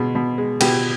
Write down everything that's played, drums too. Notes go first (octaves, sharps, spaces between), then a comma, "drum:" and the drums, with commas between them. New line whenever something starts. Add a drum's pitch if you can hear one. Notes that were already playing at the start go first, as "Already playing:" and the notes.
Already playing: B2 G#3
B2
G#3
B2 G4, drum: cymbal